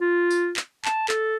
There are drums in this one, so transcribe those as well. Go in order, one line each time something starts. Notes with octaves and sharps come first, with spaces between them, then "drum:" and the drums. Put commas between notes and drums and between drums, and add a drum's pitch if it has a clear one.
F4
drum: tambourine
drum: clap
A5, drum: clap
A4, drum: clap